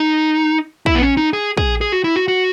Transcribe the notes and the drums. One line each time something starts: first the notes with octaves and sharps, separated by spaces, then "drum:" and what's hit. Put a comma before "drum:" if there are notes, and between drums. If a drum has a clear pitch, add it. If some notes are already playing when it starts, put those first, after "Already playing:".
Already playing: D#4
E4, drum: kick
B3
C#4
D#4
G#4
G#4, drum: kick
G#4
F#4
E4
F#4
F#4